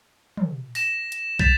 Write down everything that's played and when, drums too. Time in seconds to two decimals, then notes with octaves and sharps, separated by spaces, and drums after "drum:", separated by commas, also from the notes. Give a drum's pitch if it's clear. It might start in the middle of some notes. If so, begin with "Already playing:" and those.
0.37 drum: tom
0.75 A#6 E7, drum: open hi-hat
1.12 drum: hi-hat
1.39 G6 A6 B6 E7 F7, drum: kick